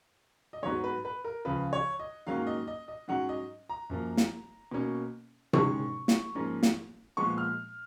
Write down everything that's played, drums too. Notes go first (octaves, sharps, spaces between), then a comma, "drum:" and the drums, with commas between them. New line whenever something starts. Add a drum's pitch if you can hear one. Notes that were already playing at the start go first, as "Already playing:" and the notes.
D#5
G#2 F#3 B3 C#5
B4
B4
A#4
C#2 C#3 F3 B4
C#5
D#5
G#2 D#3 F#3 A#3 C#4 F5
D#5
D#5
D#5
G#2 F#3 C#4 F#5
D#5
A#5
F#2 F3 A#3
drum: snare
B2 A#3 C#4
G#2 D#3 G#3 C#4 C#6, drum: tom C3
drum: snare
G#2 F3 A#3 C#4
drum: snare
A#2 F3 G#3 B3 C#6
F6